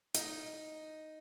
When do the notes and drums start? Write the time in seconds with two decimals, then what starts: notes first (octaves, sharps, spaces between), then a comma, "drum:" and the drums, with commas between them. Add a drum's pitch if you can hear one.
0.14 D#4, drum: hi-hat